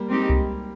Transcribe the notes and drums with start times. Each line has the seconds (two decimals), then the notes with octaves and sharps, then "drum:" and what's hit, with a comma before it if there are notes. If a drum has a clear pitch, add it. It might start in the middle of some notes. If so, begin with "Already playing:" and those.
Already playing: G3 A#3
0.10 G#3 C4 D#4 G4
0.29 drum: kick C2